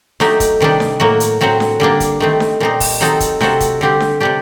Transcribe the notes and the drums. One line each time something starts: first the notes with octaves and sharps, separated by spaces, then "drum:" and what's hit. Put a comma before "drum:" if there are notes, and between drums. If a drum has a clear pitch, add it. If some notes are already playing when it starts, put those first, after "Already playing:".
F#3 A3 D#4 G4, drum: snare D4
drum: kick, hi-hat
C3 D#3 G3 D4
drum: snare D4
A2 F#3 A#3 F#4
drum: hi-hat
A2 F#3 C4 F#4
drum: snare D4
D3 G3 A#3 D4
drum: kick, hi-hat
D#3 A3 C4
drum: snare D4
A#2 G3 C4 D#4
drum: kick, open hi-hat
D#3 F#3 C4 D#4 A4
drum: kick, hi-hat
C3 F#3 C4 F#4 A4, drum: snare D4
drum: kick, hi-hat
D3 G3 C4 G4
drum: snare D4
C3 G3 D4 G4